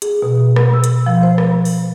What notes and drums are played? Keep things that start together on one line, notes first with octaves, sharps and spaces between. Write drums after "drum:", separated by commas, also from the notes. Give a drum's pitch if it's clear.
G#4, drum: hi-hat
B2
drum: rim click
E6
drum: hi-hat
F3
C5
drum: rim click
drum: open hi-hat